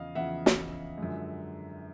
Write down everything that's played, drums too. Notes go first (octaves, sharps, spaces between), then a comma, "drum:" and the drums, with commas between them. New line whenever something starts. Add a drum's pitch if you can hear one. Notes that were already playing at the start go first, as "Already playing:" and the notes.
Already playing: E2 C#3 F3 D#5 F5
E2 C#3 F3 E5 F#5
drum: snare
F#2 D3 F3 G#3